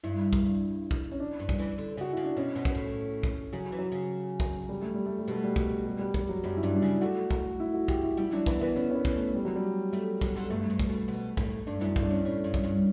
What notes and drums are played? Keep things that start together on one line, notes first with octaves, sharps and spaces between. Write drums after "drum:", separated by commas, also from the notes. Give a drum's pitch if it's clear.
G2 E4
drum: kick
drum: kick
C#4
D4
G2
drum: kick
E3
D3
C#3 F#4
C#3 E4
D4
B2 C#4
B2
drum: kick
A2
drum: kick
C#3 F#3
E3
F#3
C#3
drum: kick
G3
A3
G3
A3
G3
B2 A3
G3
drum: kick
G3
G3
G3, drum: kick
F#3
F#2 G3
E4
G2 D4
D4
C#3 E4
A3 F#4
drum: kick
E4
F#4
G4, drum: kick
E4
G3 E4
F#3 D4
E3 B3, drum: kick
E3 B3
D3 C#4
C#4
B3
E3, drum: kick
A3
G3
F#3
G3
A3
D3, drum: kick
D3
G2 A3
G2
drum: kick
B2
B2
A2, drum: kick
G2 D4
F#2 E4
G2, drum: kick
D4
G2 C#4
A2 C#4
G2
drum: kick
G2